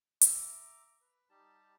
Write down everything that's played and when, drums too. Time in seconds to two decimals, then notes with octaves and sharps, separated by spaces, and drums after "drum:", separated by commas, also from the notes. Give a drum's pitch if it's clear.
0.21 E5 A#5 D6, drum: hi-hat
1.01 B4
1.29 G3 D#4 G4 A5